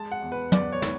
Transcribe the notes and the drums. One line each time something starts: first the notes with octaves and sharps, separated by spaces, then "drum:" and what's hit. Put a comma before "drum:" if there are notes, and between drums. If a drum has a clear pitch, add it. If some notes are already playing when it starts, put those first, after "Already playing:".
Already playing: G#3 A5
F#5
E2
B4
E2 D5, drum: tom
C#5
drum: snare